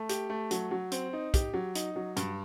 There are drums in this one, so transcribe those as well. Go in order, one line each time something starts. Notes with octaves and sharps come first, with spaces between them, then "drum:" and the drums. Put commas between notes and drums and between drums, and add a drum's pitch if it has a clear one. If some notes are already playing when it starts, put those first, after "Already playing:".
Already playing: A3
G4, drum: hi-hat
A3
F#3, drum: hi-hat
F#3
C4, drum: hi-hat
D#4
G4, drum: kick, hi-hat
F#3
D#4, drum: hi-hat
F#3
G2, drum: hi-hat